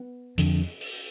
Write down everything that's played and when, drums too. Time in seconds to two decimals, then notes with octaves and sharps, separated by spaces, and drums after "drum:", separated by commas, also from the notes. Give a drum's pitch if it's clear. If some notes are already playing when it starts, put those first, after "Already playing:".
Already playing: B3
0.38 F2 D3, drum: hi-hat
0.81 drum: open hi-hat